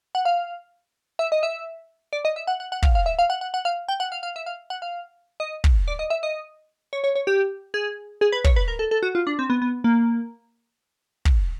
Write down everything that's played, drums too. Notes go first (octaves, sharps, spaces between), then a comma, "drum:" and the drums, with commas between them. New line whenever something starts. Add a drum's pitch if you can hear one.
F#5
F5
E5
D#5
E5
D5
D#5
E5
F#5
F#5
F#5
F5, drum: kick
F5
E5
F5
F#5
F#5
F#5
F5
G5
F#5
F5
F5
E5
F5
F#5
F5
D#5
drum: kick
D5
D#5
E5
D#5
C#5
C#5
C#5
G4
G#4
G#4
B4
C#5, drum: kick
B4
A#4
A4
A4
F#4
F4
D4
C4
B3
B3
A#3
drum: kick